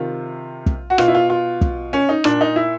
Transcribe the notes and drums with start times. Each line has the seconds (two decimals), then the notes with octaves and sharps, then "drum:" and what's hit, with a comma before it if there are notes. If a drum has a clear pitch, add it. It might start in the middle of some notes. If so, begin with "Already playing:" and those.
Already playing: C3 D#3 F4
0.66 drum: kick
0.90 F#4
0.98 B2 F4, drum: rim click
1.08 E4
1.14 F4
1.30 F4
1.61 drum: kick
1.93 C#4
2.09 D#4
2.24 A#2 D4, drum: rim click
2.41 D#4
2.56 E4